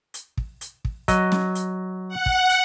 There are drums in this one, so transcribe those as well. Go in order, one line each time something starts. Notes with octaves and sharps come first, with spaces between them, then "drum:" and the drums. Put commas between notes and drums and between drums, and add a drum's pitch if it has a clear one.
drum: hi-hat
drum: kick
drum: hi-hat
drum: kick
F#3 D#5, drum: kick, hi-hat
drum: snare
drum: hi-hat
F#5
drum: kick
drum: hi-hat